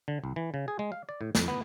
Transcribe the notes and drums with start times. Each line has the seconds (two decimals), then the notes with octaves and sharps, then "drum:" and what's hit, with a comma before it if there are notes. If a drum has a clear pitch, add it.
0.08 D3
0.24 C2
0.36 E3
0.54 C#3
0.68 G#4
0.79 G#3
0.92 F5
1.09 D5
1.21 A2
1.35 F2, drum: snare
1.48 B3